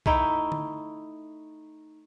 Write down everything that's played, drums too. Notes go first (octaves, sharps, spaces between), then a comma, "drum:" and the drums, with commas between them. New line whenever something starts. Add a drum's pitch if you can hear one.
A3 D#4 E4 G5, drum: kick B1
drum: tom D3